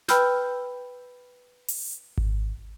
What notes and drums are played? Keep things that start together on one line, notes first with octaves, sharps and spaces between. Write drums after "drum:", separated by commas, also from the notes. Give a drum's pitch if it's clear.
B4 G5 B5 E6 F6 G6, drum: snare
drum: open hi-hat
drum: kick G#1